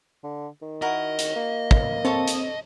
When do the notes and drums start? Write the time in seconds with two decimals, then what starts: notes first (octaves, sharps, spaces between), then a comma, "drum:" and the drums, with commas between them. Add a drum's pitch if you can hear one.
0.23 D3
0.62 D#3
0.82 E4 F#4 A#4 D#5
1.19 drum: hi-hat
1.36 A#3
1.71 drum: kick
2.05 C4 A4 C#5 A5
2.28 drum: hi-hat